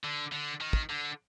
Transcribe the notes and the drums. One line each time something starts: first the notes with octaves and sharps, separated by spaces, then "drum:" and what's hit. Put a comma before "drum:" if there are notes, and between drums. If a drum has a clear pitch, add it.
D3
D3
D#3
drum: kick
D3